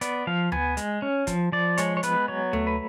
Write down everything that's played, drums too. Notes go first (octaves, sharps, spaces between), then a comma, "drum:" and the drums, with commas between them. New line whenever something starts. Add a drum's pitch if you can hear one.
B3 D5, drum: hi-hat
F3 F5
B3 G#5, drum: tom D2
G#3, drum: hi-hat
C#4
F3, drum: kick, hi-hat
F3 D5
G#3 C#5, drum: hi-hat
C#5
B3 B4, drum: hi-hat
F#3 C#5
A3, drum: tom D2
B4